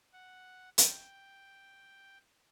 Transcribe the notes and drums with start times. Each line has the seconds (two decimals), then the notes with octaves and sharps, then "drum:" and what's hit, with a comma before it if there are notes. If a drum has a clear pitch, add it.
0.13 F#5
0.78 G5, drum: hi-hat